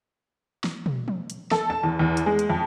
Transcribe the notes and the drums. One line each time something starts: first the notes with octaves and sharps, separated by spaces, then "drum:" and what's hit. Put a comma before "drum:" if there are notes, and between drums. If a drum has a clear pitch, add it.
drum: snare
drum: tom
drum: tom
drum: hi-hat
A4, drum: snare
A5
E2
E2
drum: hi-hat
G#3
drum: hi-hat
F2